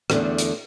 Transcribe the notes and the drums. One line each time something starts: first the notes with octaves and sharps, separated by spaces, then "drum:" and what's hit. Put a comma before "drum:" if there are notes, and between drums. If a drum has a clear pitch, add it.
E2 D3 A3 D4, drum: rim click
drum: hi-hat